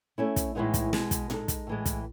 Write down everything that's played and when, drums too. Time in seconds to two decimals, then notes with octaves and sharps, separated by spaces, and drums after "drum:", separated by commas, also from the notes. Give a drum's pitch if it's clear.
0.18 A3 C#4 E4
0.36 drum: kick, hi-hat
0.55 A2 E3 G#3 B3 D#4
0.74 drum: kick, hi-hat
0.93 B2 G#3 B3, drum: snare
1.11 drum: kick, hi-hat
1.30 G#3 D#4 A4, drum: tom A2
1.48 drum: kick, hi-hat
1.67 A2 E3 G#3
1.86 drum: kick, hi-hat